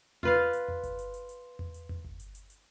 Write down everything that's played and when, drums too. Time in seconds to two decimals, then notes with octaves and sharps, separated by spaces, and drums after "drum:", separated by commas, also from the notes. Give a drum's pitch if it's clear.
0.23 F4 B4 F5, drum: tom E2
0.53 drum: hi-hat
0.68 drum: tom E2
0.83 drum: kick G1, hi-hat
0.99 drum: hi-hat
1.14 drum: hi-hat
1.29 drum: hi-hat
1.59 drum: tom E2
1.74 drum: hi-hat
1.89 drum: tom E2
2.04 drum: kick G1
2.20 drum: hi-hat
2.35 drum: hi-hat
2.50 drum: hi-hat